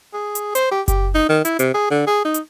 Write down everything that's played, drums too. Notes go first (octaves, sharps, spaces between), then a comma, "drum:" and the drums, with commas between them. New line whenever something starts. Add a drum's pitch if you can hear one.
G#4
drum: hi-hat
C5, drum: hi-hat
G4
G4, drum: kick F#1, hi-hat
D#4
D#3
E4, drum: hi-hat
C3, drum: hi-hat
G#4
D3
G#4
D#4
drum: hi-hat